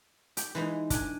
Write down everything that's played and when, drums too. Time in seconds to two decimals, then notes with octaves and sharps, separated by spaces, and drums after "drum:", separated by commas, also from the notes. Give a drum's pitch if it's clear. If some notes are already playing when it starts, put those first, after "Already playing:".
0.37 G4, drum: hi-hat
0.55 E3 G#3 D#4
0.90 D4 G#5, drum: kick, hi-hat